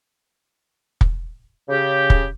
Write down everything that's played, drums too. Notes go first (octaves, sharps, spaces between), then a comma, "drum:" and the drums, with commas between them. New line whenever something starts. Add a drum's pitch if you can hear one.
drum: kick
C#3 G4
drum: kick